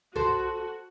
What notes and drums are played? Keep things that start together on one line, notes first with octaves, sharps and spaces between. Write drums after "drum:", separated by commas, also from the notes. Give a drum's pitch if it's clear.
F#4 A4 C5, drum: tom C2